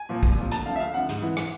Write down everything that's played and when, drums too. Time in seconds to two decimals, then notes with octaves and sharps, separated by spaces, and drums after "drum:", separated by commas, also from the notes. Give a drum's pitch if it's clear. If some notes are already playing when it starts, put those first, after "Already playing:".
Already playing: G#5
0.09 A#2 F3
0.23 C2, drum: kick
0.36 A#2 F3
0.51 D2 A5, drum: hi-hat
0.66 D3 F3 F5
0.76 E5
0.80 D2 F5
0.94 D3 F3 F#5
1.09 G#2, drum: hi-hat
1.22 E3
1.37 drum: rim click